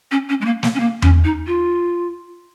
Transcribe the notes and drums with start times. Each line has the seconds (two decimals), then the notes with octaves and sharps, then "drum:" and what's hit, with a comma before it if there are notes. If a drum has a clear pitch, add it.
0.11 C#4
0.29 C#4
0.41 G#3
0.45 A#3
0.63 A#3, drum: snare
0.75 C#4
0.80 A#3
1.02 C#4, drum: tom E2
1.24 D#4
1.47 F4